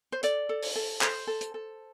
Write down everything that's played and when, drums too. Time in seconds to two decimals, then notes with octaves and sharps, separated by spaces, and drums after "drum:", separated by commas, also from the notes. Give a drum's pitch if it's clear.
0.12 C5
0.23 A4 D5, drum: hi-hat
0.49 A4
0.63 drum: open hi-hat
0.76 A4
1.01 A4 C5, drum: clap
1.27 A4
1.41 drum: hi-hat
1.54 A4